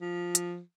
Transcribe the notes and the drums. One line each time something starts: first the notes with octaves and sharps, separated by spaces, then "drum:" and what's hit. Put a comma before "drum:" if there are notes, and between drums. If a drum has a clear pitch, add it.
F3
drum: hi-hat